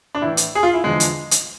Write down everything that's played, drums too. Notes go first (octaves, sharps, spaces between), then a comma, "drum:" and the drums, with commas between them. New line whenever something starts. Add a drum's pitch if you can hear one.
D4
A2 E3 E4
drum: hi-hat
G#4
F4
E4
E2 D3 F3 G#3
drum: hi-hat
drum: hi-hat